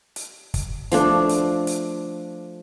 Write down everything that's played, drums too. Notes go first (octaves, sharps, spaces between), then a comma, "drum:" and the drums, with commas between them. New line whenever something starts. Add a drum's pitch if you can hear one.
drum: hi-hat
drum: kick, hi-hat
F3 A3 D4, drum: hi-hat
drum: hi-hat
drum: hi-hat